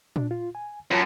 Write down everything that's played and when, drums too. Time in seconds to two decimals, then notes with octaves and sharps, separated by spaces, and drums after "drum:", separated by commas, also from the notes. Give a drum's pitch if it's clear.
0.16 D4, drum: tom A#2
0.31 F4
0.55 G#5
0.91 F#2 F4 C#5 A5